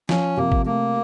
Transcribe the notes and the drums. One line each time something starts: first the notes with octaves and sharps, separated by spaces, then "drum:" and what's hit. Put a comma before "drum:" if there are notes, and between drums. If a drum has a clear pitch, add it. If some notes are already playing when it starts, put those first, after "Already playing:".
F3 C#4, drum: snare
C3 A#3
drum: kick G#1
A3 A#3